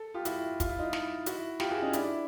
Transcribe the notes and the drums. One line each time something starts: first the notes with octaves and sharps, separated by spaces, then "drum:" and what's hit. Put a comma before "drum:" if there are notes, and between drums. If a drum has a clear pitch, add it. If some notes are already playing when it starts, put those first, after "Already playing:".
Already playing: A4
F4 G4
E4 F#4, drum: hi-hat
F4, drum: kick, hi-hat
E4
D#4 F4
drum: snare
E4 F#4, drum: hi-hat
F4 G4, drum: snare
F#4 G#4
C#4 D#4
D4 E4, drum: hi-hat